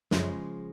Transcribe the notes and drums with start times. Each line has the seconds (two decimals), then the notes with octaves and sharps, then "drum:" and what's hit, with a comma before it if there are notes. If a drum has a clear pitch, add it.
0.11 F#2 C#3 F3 G#3, drum: snare